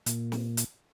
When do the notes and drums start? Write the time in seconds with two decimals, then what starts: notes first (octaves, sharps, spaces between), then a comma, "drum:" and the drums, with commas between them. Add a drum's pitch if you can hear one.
0.06 A#2, drum: hi-hat
0.32 drum: snare
0.57 drum: hi-hat